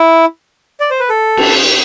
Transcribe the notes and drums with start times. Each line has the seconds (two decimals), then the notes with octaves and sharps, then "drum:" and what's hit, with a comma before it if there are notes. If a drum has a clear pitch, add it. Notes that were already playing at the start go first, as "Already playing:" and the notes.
Already playing: E4
0.80 D5
0.90 C5
1.00 B4
1.09 A4
1.37 drum: cymbal